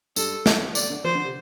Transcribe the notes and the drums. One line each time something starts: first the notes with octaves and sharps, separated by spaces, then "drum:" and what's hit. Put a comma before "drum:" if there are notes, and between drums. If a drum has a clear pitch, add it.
G2 A4, drum: tambourine
drum: snare
D5, drum: tambourine
D3
F3 C5
D3
C3